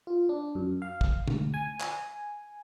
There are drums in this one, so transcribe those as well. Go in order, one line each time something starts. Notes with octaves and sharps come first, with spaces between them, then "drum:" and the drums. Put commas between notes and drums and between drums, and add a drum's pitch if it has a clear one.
F4
D4
F#2
F5
drum: kick
D2, drum: tom B2
G#5
drum: clap